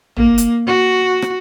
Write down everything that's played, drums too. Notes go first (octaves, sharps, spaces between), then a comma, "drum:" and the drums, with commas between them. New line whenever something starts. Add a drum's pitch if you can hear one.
A#3, drum: tom
drum: hi-hat
F#4
drum: rim click